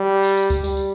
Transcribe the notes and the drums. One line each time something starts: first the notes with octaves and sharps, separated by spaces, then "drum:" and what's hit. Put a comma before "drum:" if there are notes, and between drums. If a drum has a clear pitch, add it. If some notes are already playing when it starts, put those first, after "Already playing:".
Already playing: G3
drum: tambourine
drum: tambourine
drum: kick C#2, tambourine
G3, drum: tambourine
drum: tambourine